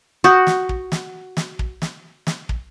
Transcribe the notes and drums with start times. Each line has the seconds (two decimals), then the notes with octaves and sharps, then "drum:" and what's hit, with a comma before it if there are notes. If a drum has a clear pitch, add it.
0.24 F#4 C#6 D#6 G6
0.47 drum: snare
0.69 drum: kick
0.92 drum: snare
1.37 drum: snare
1.59 drum: kick
1.82 drum: snare
2.27 drum: snare
2.49 drum: kick